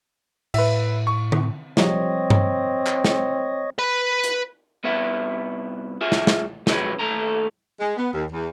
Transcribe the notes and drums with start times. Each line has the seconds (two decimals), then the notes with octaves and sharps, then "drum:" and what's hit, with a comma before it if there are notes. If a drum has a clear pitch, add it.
0.54 A2 B4 E5, drum: cymbal
1.07 C#6
1.32 drum: tom D3
1.77 F3 G3 C4 C#5 D#5, drum: snare
2.30 drum: tom G2
2.87 drum: clap
3.04 drum: snare
3.79 B4 B5
4.24 drum: hi-hat
4.84 C2 B3 B4 E5 F#5
6.01 F4 G#4 E5 G#5
6.12 drum: snare
6.27 drum: snare
6.67 F3 F#3 G#3 C#4 B4, drum: snare
6.99 D#2 A3 A4 A#5
7.80 G#3
7.96 B3
8.14 D#2
8.31 E2